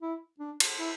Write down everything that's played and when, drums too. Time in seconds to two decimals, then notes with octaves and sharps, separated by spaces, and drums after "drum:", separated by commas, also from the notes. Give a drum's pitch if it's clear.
0.02 E4
0.39 D4
0.60 drum: cymbal
0.79 E4